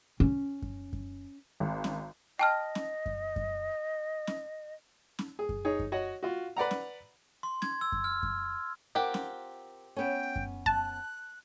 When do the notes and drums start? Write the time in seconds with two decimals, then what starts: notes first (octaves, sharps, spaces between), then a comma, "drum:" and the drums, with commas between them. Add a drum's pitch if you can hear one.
0.20 C#4
0.62 drum: kick F#2
0.93 drum: kick F#2
1.60 G#1
1.84 drum: snare
2.39 D#5 G5 A5 F6
2.75 drum: snare
3.06 drum: kick F#2
3.36 drum: kick F#2
4.27 drum: snare
5.19 drum: snare
5.39 G#4
5.49 drum: kick F#2
5.65 D#4 G#4 C#5
5.79 drum: kick F#2
5.92 F#4 C#5 D#5 F#5
6.23 F4 F#4
6.57 B4 D5 F#5 A#5
6.71 drum: snare
7.43 C6
7.62 G#6, drum: snare
7.81 E6
7.92 drum: kick F#2
8.04 F6
8.23 drum: kick F#2
8.95 C4 F4 G4 A#4 F#5
9.14 drum: snare
9.96 B3 C#4 G5
10.36 drum: kick F#2
10.66 A5 F#6, drum: kick F#2